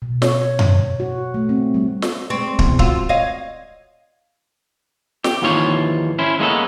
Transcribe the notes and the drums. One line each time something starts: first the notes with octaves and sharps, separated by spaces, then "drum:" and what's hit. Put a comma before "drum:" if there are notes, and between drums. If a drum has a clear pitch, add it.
B2
C#5, drum: snare
drum: tom F#2
F#4
A3
C4
G3
drum: snare
G#3 C4 D5 C#6
B2 E3 G#3, drum: kick
F4 F#4 E6, drum: kick
C#5 D#5 F5 G#6
G4, drum: snare
D#2 G#2 E3 F3 F4 C#5
C#4 E4 C5
G#3 A#3 B3 C#4 E4 A4